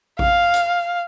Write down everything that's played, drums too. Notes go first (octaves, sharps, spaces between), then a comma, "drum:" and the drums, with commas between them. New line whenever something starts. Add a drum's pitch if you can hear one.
F5, drum: kick A1
drum: hi-hat